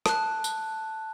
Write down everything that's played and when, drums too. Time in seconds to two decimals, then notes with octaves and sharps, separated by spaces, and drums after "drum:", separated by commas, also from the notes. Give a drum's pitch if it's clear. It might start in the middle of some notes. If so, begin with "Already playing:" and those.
0.06 A5 F#6, drum: rim click
0.44 drum: tambourine